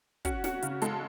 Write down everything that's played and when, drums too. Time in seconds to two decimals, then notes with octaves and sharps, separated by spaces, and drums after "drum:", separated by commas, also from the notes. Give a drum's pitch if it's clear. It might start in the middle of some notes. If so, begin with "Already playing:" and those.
0.25 C#4 F#4 F#5, drum: kick, hi-hat
0.44 C#4 F#4 F#5, drum: snare
0.62 C#3, drum: hi-hat
0.82 G#3 A4, drum: hi-hat